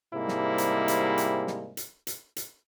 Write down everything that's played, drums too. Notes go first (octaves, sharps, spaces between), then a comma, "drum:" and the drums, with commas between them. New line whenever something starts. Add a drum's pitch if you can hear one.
G#2 C3 G3 G#3 A#3 E4
drum: snare
drum: hi-hat
drum: hi-hat
drum: hi-hat
drum: snare
drum: hi-hat
drum: hi-hat
drum: hi-hat